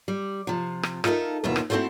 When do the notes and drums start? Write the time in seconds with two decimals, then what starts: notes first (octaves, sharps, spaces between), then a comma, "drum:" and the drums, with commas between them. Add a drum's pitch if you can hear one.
0.08 G3
0.47 C3 F3
0.83 drum: rim click
1.04 D#4 F4 A4 A#4 E5, drum: rim click
1.44 D#2 B2 E3 F4 E5
1.56 drum: rim click
1.70 A3 C4 E4 F#4 A4 C5